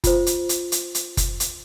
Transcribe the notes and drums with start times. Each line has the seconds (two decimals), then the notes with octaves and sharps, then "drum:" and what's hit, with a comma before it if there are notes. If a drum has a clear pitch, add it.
0.04 F4 C5, drum: kick F#1, hi-hat
0.26 drum: hi-hat
0.49 drum: hi-hat
0.72 drum: hi-hat
0.95 drum: hi-hat
1.17 drum: kick F#1, hi-hat
1.40 drum: hi-hat